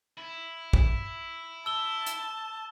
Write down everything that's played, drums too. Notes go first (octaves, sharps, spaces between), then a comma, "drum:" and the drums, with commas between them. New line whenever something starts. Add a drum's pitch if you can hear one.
E4
drum: kick
A5 E6 G7
drum: hi-hat